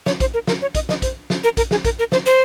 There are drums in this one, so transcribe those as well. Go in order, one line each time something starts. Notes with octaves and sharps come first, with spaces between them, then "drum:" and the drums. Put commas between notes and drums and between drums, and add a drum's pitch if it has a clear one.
C#5, drum: snare
C5, drum: kick A#1, hi-hat
A#4
A#4, drum: snare
C#5
D#5, drum: kick A#1, hi-hat
D#5, drum: snare
C5, drum: kick A#1, hi-hat
drum: snare
A#4
A#4, drum: kick A#1, hi-hat
G#4, drum: snare
A#4, drum: kick A#1, hi-hat
A#4
C5, drum: snare
C5